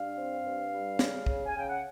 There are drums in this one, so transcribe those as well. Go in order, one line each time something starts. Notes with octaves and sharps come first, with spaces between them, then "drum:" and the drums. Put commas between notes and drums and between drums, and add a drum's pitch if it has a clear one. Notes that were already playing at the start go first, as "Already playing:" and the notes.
Already playing: G2 F5
C4
G2
G3
C#3, drum: snare
C#3, drum: kick
G#5
C#3 G5
F#5